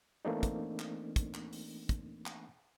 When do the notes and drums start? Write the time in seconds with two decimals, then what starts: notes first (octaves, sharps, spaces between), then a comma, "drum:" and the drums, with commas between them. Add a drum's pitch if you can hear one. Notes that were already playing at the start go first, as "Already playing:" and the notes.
0.25 E3 A3 A#3 C4 D4 D#4
0.43 drum: kick, hi-hat
0.80 drum: clap
1.16 drum: kick, hi-hat
1.34 drum: clap
1.53 drum: open hi-hat
1.89 drum: kick, hi-hat
2.26 drum: clap